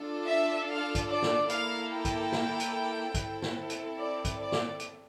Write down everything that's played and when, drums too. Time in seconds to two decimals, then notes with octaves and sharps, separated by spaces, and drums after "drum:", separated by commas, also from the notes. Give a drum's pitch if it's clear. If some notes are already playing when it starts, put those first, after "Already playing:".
Already playing: D4 F4 A4
0.26 E5
0.68 F5
0.95 drum: kick, hi-hat
1.08 D5
1.22 drum: snare
1.50 A#3 E4 A4 F5, drum: hi-hat
1.91 G5
2.05 drum: kick, hi-hat
2.32 drum: snare
2.60 drum: hi-hat
3.14 C4 E4 A4, drum: kick, hi-hat
3.42 drum: snare
3.70 drum: hi-hat
3.97 D5
4.25 drum: kick, hi-hat
4.38 D5
4.52 drum: snare
4.80 drum: hi-hat